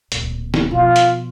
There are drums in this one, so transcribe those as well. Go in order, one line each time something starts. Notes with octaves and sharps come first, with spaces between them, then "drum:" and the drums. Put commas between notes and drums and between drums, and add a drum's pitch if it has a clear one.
D1 A#2, drum: hi-hat
drum: snare
B2 F3 F4
drum: hi-hat